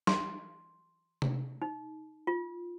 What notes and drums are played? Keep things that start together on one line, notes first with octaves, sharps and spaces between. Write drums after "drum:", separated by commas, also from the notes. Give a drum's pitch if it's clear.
C6, drum: snare
drum: tom C3
D#4
F4